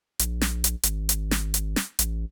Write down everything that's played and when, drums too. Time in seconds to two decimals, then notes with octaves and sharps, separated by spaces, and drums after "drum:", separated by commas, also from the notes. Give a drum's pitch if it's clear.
0.19 A#1, drum: hi-hat
0.41 drum: snare
0.64 drum: hi-hat
0.83 G#1, drum: hi-hat
1.09 drum: hi-hat
1.31 drum: snare
1.54 drum: hi-hat
1.76 drum: snare
1.99 A1, drum: hi-hat